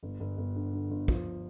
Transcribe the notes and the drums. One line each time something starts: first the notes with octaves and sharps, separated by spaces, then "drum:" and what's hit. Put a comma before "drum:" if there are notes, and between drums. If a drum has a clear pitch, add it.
G1
G1
G1
D3
D3
G1
F3, drum: kick